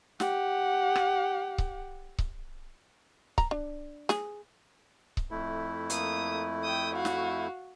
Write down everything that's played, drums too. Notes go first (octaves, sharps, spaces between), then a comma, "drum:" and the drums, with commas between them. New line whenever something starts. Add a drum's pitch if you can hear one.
G4 F#5, drum: snare
drum: rim click
drum: kick C#1
drum: kick C#1
A#5, drum: kick C#1
D4
G#4, drum: snare
drum: kick C#1
F2 A3 E4
A#3 D#6, drum: hi-hat
G5 D#6
F#4 F5
drum: snare